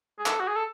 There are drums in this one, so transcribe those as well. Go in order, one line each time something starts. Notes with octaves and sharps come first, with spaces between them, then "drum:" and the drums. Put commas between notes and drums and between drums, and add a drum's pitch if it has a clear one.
G#4
A4, drum: clap
F#4
G#4
A4